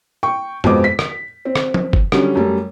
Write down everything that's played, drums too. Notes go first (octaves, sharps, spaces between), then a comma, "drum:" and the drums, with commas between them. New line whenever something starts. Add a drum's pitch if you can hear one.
G5 C#6
F2 B2 G#3 B3 C4 D6, drum: tom G2
B6
drum: rim click
C4
drum: rim click
drum: tom F3
drum: kick
D3 F#3 G3 C#4, drum: rim click
F#2 G3 A3